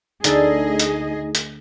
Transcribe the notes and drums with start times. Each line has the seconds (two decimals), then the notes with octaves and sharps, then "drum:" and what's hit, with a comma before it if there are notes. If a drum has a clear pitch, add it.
0.24 D2 D3 D#4 G#4 A4 D#5, drum: hi-hat
0.79 drum: hi-hat
1.35 drum: hi-hat